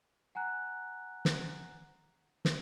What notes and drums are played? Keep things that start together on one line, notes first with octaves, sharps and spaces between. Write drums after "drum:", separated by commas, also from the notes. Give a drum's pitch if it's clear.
F#5 G#5 A#5 F#6
drum: snare
drum: snare